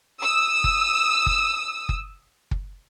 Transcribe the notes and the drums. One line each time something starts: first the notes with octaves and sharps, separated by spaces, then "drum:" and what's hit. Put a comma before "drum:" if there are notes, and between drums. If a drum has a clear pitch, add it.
D#6 E6
drum: kick
drum: kick
drum: kick
drum: kick